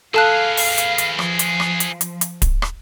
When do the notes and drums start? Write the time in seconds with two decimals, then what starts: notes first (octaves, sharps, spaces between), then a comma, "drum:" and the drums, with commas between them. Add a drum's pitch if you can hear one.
0.14 G#4 A4 B4 F5 A5 F#6
0.57 drum: open hi-hat
0.78 drum: hi-hat
0.98 drum: hi-hat
1.19 F3, drum: rim click
1.39 drum: hi-hat
1.60 drum: rim click
1.80 drum: hi-hat
2.01 drum: hi-hat
2.21 drum: hi-hat
2.42 drum: kick D1, hi-hat
2.62 drum: rim click